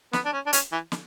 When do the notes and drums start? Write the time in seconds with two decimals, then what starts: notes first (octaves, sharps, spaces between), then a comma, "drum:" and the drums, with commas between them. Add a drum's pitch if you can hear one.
0.13 B3, drum: snare
0.25 D4
0.33 C#4
0.46 D4
0.53 C#4, drum: hi-hat
0.72 E3
0.92 drum: snare